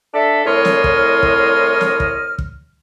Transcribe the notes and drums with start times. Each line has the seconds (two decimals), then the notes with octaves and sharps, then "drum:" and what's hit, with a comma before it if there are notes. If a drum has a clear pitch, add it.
0.14 D4 A4 E5
0.45 C2 A2 C#5 D#5 C6 F6
0.65 drum: snare
0.84 drum: kick
1.23 drum: kick
1.81 drum: snare
2.00 drum: kick
2.38 drum: kick